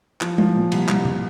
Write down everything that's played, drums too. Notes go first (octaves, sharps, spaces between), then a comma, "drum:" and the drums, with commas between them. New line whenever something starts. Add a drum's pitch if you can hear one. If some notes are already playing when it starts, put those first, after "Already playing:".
F3, drum: clap
F3, drum: tom G#3
A#2
C2, drum: cymbal
C2, drum: clap
drum: tom C3